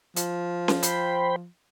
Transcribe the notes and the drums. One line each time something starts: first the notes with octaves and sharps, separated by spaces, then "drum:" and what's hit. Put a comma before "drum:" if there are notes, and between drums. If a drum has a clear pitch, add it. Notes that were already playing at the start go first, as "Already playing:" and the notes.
F3, drum: hi-hat
drum: snare C#4
C5 G5 B5, drum: hi-hat